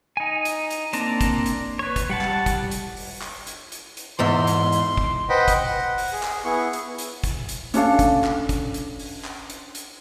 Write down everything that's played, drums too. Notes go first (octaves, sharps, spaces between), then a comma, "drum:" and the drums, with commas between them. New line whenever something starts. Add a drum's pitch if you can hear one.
D#4 G#5
drum: hi-hat
drum: hi-hat
A#3 C4 D4 A5 A#5, drum: hi-hat
drum: kick, hi-hat
drum: hi-hat
B4 C#5
drum: kick, hi-hat
G3 F#5 A5
drum: clap
drum: kick, hi-hat
drum: hi-hat
drum: open hi-hat
drum: clap
drum: hi-hat
drum: hi-hat
drum: hi-hat
E2 G#2 E5 C6
drum: hi-hat
drum: hi-hat
drum: kick
B4 C5 D#5 F#5 G5 B5
drum: kick, hi-hat
F#5
drum: open hi-hat
G#4
drum: clap
B3 E4 G#4 C#6
drum: hi-hat
drum: hi-hat
drum: kick, hi-hat
drum: hi-hat
C#4 D4 A4 F5, drum: hi-hat
drum: kick, hi-hat
drum: clap
drum: kick, hi-hat
drum: hi-hat
drum: open hi-hat
drum: clap
drum: hi-hat
drum: hi-hat